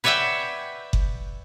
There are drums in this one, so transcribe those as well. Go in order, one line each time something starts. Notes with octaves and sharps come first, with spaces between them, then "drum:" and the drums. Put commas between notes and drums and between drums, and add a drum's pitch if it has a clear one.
B4 C#5 D5 E5 F#5 G5
drum: kick F#1